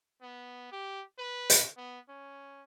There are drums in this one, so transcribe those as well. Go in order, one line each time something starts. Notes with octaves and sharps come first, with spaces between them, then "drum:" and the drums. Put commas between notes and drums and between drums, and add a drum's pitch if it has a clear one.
B3
G4
B4
drum: hi-hat
B3
C#4